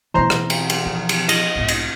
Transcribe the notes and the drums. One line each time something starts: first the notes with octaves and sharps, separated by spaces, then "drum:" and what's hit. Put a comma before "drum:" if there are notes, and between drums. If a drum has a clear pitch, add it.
B2 E3 A3 C4 C5 A#5 C6
drum: rim click
drum: cymbal
drum: cymbal
F3
drum: cymbal
D#5, drum: cymbal
B1 G#2
drum: cymbal